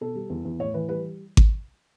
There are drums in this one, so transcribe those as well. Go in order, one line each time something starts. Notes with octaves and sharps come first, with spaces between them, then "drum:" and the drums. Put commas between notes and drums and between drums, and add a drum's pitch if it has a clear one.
B2 A4
G3
E2
E2
A2 C#5
E3 B4
G3 B4
drum: kick G#1